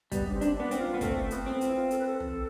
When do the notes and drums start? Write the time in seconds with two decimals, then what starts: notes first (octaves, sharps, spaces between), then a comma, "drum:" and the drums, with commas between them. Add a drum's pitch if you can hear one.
0.12 G3 B3, drum: kick, hi-hat
0.29 D4
0.34 C4
0.41 D4, drum: hi-hat
0.56 B3 D4
0.71 C4, drum: hi-hat
0.79 F4
0.94 B3
1.01 A3 C4, drum: kick, hi-hat
1.31 B3, drum: hi-hat
1.46 C4
1.61 F4, drum: hi-hat
1.68 E4
1.76 F4
1.91 A4, drum: hi-hat
1.99 B4
2.06 A4
2.20 drum: tom